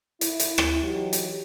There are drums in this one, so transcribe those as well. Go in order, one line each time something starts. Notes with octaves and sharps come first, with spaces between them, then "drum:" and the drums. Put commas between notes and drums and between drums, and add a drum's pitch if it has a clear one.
E4, drum: hi-hat
drum: hi-hat
drum: rim click
E3 F#3 D#4 G4
drum: hi-hat